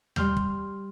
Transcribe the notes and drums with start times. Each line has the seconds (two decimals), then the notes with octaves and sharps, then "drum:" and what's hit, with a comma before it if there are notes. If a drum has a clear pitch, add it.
0.16 G3 C6 F6 G6, drum: tom D#2
0.37 drum: kick